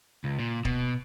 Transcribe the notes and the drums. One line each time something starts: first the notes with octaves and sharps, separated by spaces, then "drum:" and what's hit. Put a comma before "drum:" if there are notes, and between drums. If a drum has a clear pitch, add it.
C#2
A#2
B2, drum: kick D1